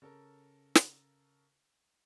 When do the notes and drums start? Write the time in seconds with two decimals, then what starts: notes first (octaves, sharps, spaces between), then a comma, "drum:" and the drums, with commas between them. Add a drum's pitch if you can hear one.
0.02 C#3 A4 A#4
0.75 drum: snare